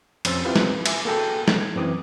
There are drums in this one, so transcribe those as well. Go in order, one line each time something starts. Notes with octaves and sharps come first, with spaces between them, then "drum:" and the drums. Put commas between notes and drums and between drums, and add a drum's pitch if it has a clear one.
F2 C#4 C5 E6 A6, drum: cymbal
C4 E4 F4 G4 B4
drum: snare
E5 G#5 D6, drum: cymbal
A#3 F#4 G#4 A4 G5 A#5
drum: snare
G#6
F#2 E3 C4 D6 D#6